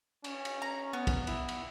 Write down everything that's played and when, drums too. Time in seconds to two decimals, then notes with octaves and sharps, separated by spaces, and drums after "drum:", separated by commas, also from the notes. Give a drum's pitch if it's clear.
0.24 C#4, drum: cymbal
0.45 drum: cymbal
0.62 A#5
0.93 B3
1.07 drum: kick, cymbal
1.27 E4, drum: cymbal
1.48 drum: cymbal